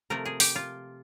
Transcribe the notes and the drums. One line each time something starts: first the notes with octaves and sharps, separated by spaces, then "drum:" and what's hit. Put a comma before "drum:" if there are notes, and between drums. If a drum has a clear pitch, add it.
C3 F3 A3 A#4
G#4
G4, drum: open hi-hat
F4